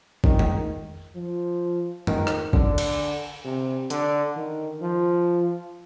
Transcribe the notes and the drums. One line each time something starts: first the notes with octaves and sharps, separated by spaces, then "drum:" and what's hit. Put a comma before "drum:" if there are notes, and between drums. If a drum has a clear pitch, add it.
D#3, drum: kick
drum: tom F2
F3
D#3, drum: tom F2
drum: rim click
D3, drum: kick
drum: cymbal
C3
D3, drum: hi-hat
D#3
F3